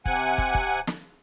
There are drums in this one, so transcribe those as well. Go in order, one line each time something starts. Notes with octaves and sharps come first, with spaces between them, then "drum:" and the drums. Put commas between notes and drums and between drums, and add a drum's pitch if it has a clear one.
C3 F#5 G#5, drum: kick
drum: kick
drum: kick
drum: snare